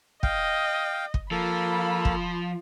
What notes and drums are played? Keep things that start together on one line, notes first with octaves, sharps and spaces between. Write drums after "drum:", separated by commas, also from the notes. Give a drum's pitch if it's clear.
D#5 F5 G5, drum: kick
drum: kick
F3 A#3 A4 B5
drum: kick